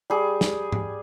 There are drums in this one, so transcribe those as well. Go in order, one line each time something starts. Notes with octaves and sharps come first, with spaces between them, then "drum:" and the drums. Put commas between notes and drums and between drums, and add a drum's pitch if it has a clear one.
G3 G#4
drum: snare
drum: tom G#2